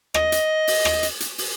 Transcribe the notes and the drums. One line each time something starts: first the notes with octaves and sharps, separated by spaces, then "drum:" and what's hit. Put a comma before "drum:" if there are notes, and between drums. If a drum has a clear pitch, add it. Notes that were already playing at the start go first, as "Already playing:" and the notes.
D#5, drum: rim click
drum: hi-hat
drum: open hi-hat
drum: rim click
drum: hi-hat
drum: hi-hat
drum: open hi-hat